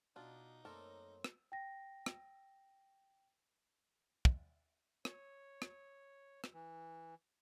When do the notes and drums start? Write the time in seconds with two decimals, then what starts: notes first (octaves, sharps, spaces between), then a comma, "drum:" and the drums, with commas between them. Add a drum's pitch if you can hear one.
0.16 B2 D4 D#4 F4
0.65 F#2 A3 A#3 C4 A4 A#4 D5
1.24 drum: rim click
1.52 G5 A#6
2.06 drum: rim click
4.25 drum: kick
5.05 C#5, drum: rim click
5.62 drum: rim click
6.44 drum: rim click
6.53 E3